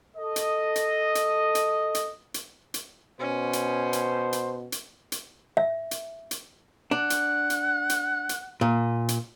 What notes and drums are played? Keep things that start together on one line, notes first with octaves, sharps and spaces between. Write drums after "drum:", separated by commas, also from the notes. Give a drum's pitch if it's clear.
A4 D#5
drum: hi-hat
drum: hi-hat
drum: hi-hat
drum: hi-hat
drum: hi-hat
drum: hi-hat
drum: hi-hat
B2 C#4 C5
drum: hi-hat
drum: hi-hat
drum: hi-hat
drum: hi-hat
drum: hi-hat
E5
drum: hi-hat
drum: hi-hat
D4 F#5
drum: hi-hat
drum: hi-hat
drum: hi-hat
drum: hi-hat
A#2
drum: hi-hat